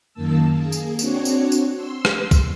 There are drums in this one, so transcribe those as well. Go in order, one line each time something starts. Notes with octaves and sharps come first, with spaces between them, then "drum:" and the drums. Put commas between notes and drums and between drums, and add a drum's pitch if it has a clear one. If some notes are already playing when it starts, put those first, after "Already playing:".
F#2 D#3 A#3 A5 E6
A#3 G#4
drum: tambourine
C4 D4 F#4 C#5, drum: tambourine
drum: tambourine
drum: tambourine
C6 E6
drum: rim click
drum: kick B1, tambourine